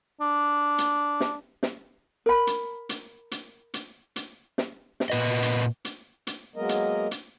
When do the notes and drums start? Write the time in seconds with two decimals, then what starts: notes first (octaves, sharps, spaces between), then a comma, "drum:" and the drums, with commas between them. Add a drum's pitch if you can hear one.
0.21 D4
0.78 drum: hi-hat
1.20 drum: snare
1.63 drum: snare
2.26 A#4 B5
2.47 drum: hi-hat
2.89 drum: hi-hat
3.31 drum: hi-hat
3.74 drum: hi-hat
4.16 drum: hi-hat
4.58 drum: snare
5.00 drum: snare
5.10 A#2 B4 D#5
5.42 drum: hi-hat
5.85 drum: hi-hat
6.27 drum: hi-hat
6.56 F#3 G#3 A#3 B3 A#4 D#5
6.69 drum: hi-hat
7.11 drum: hi-hat